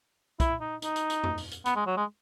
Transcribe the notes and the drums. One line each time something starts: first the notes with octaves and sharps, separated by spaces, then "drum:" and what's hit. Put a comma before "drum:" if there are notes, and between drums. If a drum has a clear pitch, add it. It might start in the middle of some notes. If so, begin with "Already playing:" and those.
E4, drum: kick, hi-hat
D#4
D#4, drum: hi-hat
drum: hi-hat
drum: hi-hat
drum: tom E2
drum: open hi-hat
drum: hi-hat
B3, drum: hi-hat
G#3
F#3
G#3